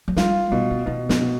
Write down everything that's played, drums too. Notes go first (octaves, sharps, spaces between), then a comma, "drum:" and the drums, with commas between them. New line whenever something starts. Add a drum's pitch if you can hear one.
F3
G3 F4, drum: snare
B2 B3
D4
C4
B2 B3
B3, drum: snare
B2